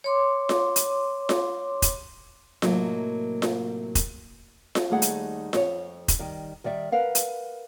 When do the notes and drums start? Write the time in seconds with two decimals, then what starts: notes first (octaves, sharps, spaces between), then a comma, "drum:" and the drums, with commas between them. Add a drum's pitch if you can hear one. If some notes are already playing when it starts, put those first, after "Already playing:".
0.04 C#5 C6 D6
0.49 drum: snare F4
0.76 drum: hi-hat
1.29 drum: snare F4
1.82 drum: kick F1, hi-hat
2.62 A2 C3 F#3 A#3 D#5, drum: snare F4
3.42 drum: snare F4
3.95 drum: kick F1, hi-hat
4.75 drum: snare F4
4.90 D#2 G3 A3 D#4 G#4 F#5
5.02 drum: hi-hat
5.53 F2 C#5, drum: snare F4
6.08 drum: kick F1, hi-hat
6.19 D#3 G3
6.64 D#3 G3 D5 E5
6.92 A#4 B4 F5 F#5
7.15 drum: hi-hat